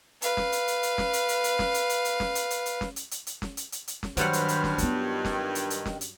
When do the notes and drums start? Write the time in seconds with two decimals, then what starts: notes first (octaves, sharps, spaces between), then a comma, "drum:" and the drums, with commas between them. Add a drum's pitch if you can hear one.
0.22 B4 F5, drum: hi-hat
0.37 drum: snare
0.52 drum: hi-hat
0.68 drum: hi-hat
0.83 drum: hi-hat
0.98 drum: snare
1.13 drum: hi-hat
1.29 drum: hi-hat
1.44 drum: hi-hat
1.59 drum: snare
1.74 drum: hi-hat
1.89 drum: hi-hat
2.05 drum: hi-hat
2.20 drum: snare
2.35 drum: hi-hat
2.50 drum: hi-hat
2.66 drum: hi-hat
2.81 drum: snare
2.96 drum: hi-hat
3.11 drum: hi-hat
3.27 drum: hi-hat
3.42 drum: snare
3.57 drum: hi-hat
3.72 drum: hi-hat
3.88 drum: hi-hat
4.03 drum: snare
4.17 G2 D#3 F#3 G3 B4 C5 F#5 F6, drum: hi-hat
4.33 drum: hi-hat
4.48 drum: hi-hat
4.64 drum: snare
4.78 B3 F4, drum: hi-hat
5.02 D#3
5.25 drum: snare
5.55 drum: hi-hat
5.70 drum: hi-hat
5.86 drum: snare
6.01 drum: hi-hat